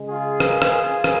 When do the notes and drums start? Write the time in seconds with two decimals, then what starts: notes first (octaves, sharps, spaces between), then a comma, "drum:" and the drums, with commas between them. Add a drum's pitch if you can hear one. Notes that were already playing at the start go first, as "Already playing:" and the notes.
Already playing: C#3 G#3
0.08 F4 G#4
0.40 drum: rim click
0.62 drum: rim click
1.04 drum: rim click